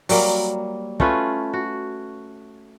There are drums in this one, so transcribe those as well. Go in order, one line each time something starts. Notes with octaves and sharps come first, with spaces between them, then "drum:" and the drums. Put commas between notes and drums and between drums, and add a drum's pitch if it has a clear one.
F#3 G3 A#3, drum: open hi-hat
A3 C#4 F4 B4, drum: kick
F#4